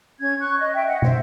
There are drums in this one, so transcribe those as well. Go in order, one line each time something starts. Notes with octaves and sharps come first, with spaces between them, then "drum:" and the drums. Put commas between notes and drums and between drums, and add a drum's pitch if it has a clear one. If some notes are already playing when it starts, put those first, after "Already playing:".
C#4 G#6
C#6 F#6
D#5
E5 G5
D#5 F#5
C5 E5, drum: tom